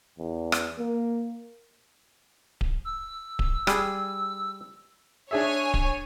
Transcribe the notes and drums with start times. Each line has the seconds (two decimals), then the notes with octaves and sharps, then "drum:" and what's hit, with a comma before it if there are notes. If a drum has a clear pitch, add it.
0.18 E2
0.52 drum: rim click
0.78 A#3
2.61 drum: kick D1
2.85 E6
3.39 drum: kick D1
3.67 G3 G#4, drum: rim click
5.31 D4 G#4 C#5 E5 G#5
5.74 drum: kick D1